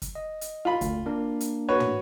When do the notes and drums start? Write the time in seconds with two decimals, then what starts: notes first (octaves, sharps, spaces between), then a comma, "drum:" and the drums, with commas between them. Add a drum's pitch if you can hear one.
0.02 drum: kick, hi-hat
0.15 D#5
0.41 drum: hi-hat
0.65 F4 B5
0.81 D2, drum: kick, hi-hat
1.06 A#3 D4 A#4
1.41 drum: hi-hat
1.69 F#4 B4 C#5
1.80 drum: tom